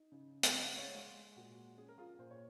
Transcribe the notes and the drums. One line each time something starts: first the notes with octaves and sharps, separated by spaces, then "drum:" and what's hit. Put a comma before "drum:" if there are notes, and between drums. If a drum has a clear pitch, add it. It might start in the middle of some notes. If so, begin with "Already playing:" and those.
Already playing: D#4
C#3
drum: hi-hat
G#3 F5
F#5
C#5 F5
G#3
A#2 F#4
C#4 G#4
A#4
F4 G#4
A#2 C5
C#5